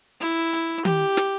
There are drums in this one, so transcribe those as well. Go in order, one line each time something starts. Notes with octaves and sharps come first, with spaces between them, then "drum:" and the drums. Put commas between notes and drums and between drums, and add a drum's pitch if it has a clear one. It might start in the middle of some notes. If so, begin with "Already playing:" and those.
E4, drum: hi-hat
drum: hi-hat
G4, drum: tom D#3
drum: snare